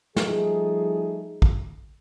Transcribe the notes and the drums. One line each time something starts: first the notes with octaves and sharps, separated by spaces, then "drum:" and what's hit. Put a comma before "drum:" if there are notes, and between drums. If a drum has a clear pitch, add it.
F3 G3 A3 D#4 G#4, drum: snare
drum: kick A1